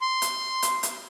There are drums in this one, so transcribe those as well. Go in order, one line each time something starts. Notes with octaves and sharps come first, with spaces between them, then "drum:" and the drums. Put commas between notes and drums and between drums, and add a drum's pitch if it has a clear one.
C6
drum: hi-hat
drum: hi-hat
drum: hi-hat